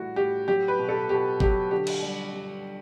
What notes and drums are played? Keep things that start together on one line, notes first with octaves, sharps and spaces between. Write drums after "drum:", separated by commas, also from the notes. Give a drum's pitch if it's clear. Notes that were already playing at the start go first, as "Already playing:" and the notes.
Already playing: A2 E3 G3 E4 F#4
A2 G4
F#3 G4
B4
B2
A4
B2 G4
F#3 G4, drum: kick
D3 G4
drum: cymbal
G3
G2